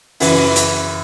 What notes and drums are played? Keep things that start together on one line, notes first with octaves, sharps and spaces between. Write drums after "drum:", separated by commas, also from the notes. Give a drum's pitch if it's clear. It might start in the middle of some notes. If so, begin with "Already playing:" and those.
F#2 C#3 E3, drum: open hi-hat
drum: hi-hat